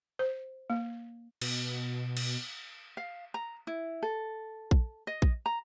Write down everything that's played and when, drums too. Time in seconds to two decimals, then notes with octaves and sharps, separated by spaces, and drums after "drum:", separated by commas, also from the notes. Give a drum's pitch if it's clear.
0.19 C5
0.70 A#3
1.42 B2, drum: cymbal
2.17 drum: cymbal
2.97 F5
3.34 A#5
3.67 E4
4.03 A4
4.71 drum: kick A#1
5.07 D#5
5.22 drum: kick A#1
5.46 A#5